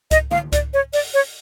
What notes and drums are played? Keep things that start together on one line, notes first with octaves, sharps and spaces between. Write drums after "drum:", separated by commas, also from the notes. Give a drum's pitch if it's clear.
D#5, drum: kick C#2, hi-hat
F5, drum: tom D3
D5, drum: kick C#2, hi-hat
C#5
D5, drum: open hi-hat
C#5